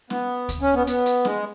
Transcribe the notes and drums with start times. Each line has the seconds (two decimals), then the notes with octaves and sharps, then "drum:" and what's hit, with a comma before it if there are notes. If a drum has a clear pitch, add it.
0.10 B3, drum: snare
0.49 drum: kick D2, hi-hat
0.61 C#4
0.74 B3
0.87 B3, drum: hi-hat
1.06 drum: hi-hat
1.25 G#3, drum: snare